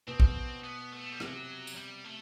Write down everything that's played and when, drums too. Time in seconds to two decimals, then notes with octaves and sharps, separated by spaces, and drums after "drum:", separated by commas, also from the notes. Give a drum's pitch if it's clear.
0.08 B2 C4
0.20 drum: kick
0.64 B3
0.92 A3
1.12 G3
1.20 C3 F#3, drum: rim click
1.67 drum: tambourine
1.77 G3
2.04 A3